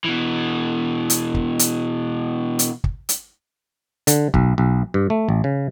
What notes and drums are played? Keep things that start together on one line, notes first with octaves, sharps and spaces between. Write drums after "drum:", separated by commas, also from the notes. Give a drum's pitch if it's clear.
B2 E3
drum: hi-hat
drum: kick
drum: hi-hat
drum: hi-hat
drum: kick
drum: hi-hat
D3, drum: hi-hat
B1, drum: kick
B1
G2
A3
A1
C#3